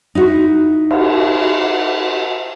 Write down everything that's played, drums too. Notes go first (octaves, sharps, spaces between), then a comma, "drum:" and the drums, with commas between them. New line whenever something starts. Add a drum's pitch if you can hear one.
D#4 E4 F#4
drum: cymbal